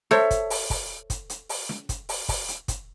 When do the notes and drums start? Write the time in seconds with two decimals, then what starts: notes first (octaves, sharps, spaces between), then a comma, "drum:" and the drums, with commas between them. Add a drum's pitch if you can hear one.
0.11 A4 C5 C#5 E5, drum: snare
0.31 drum: kick, hi-hat
0.50 drum: open hi-hat
0.70 drum: kick, open hi-hat
1.10 drum: kick, hi-hat
1.30 drum: hi-hat
1.49 drum: open hi-hat
1.69 drum: snare
1.89 drum: kick, hi-hat
2.09 drum: open hi-hat
2.29 drum: kick, open hi-hat
2.48 drum: hi-hat
2.68 drum: kick, hi-hat